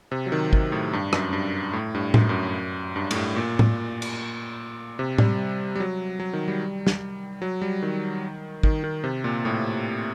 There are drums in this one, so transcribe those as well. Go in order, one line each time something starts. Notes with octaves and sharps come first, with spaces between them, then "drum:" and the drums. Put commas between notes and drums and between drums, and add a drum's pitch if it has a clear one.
C3
F#3
D#3
D#3, drum: kick
A2
G2
F#2, drum: rim click
G2
A2
G2
F#2, drum: tom A2
F#2
G2
A2, drum: cymbal
G2
A#2
drum: tom A2
drum: cymbal
C3
G3, drum: tom A2
G3
F#3
F#3
D#3
G3
drum: snare
F#3
G3
D#3
D#3, drum: kick
D#3
C3
A#2
A2